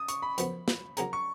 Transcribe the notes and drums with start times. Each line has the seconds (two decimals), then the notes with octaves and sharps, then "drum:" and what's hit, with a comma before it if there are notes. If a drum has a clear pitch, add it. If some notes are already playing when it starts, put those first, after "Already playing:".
Already playing: D#6
0.08 C#6, drum: hi-hat
0.22 B5
0.38 F#2 F3 B3, drum: hi-hat
0.68 drum: snare
0.97 F#3 A#3 C#4 G#4 A#5, drum: hi-hat
1.13 C#6